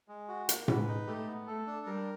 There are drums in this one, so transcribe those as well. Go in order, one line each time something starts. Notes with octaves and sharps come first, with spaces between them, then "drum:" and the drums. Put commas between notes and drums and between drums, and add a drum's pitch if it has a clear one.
G#3
F#4
A#3, drum: hi-hat
G#3 B4, drum: tom A2
D#4
A3 G4
B3
A3 A4
D4
G3 A#4